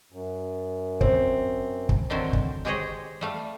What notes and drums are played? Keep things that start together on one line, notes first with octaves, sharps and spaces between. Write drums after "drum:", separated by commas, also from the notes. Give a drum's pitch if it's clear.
F#2
C4, drum: kick
drum: kick
D3 D#3 F#3 C4 E4
drum: kick
G#3 G4 G#4 C5 C#5 D#5
G3 A3 F5